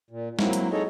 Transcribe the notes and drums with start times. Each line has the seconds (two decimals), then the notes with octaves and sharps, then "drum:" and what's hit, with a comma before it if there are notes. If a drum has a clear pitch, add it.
0.11 A#2
0.39 F#3 A#3 C4 E4, drum: snare
0.53 drum: hi-hat
0.72 D#4 G#4 A4 C#5 D#5